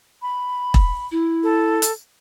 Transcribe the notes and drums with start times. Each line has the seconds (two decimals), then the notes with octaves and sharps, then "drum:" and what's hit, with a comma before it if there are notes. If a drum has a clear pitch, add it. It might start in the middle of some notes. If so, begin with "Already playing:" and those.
0.22 B5
0.74 drum: kick E1
1.11 E4
1.43 A4
1.82 drum: hi-hat